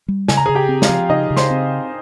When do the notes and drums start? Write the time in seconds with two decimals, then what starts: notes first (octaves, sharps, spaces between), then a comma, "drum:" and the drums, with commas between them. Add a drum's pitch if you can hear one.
0.08 G3
0.28 C#3 G#5, drum: snare
0.37 A#5
0.46 G#4 G#5
0.49 C#3
0.55 G4 G5
0.69 C4
0.82 F4 F5, drum: snare
0.89 F3
1.09 C#3 D#4 D#5
1.30 C#3
1.37 C5 C6, drum: snare
1.51 C4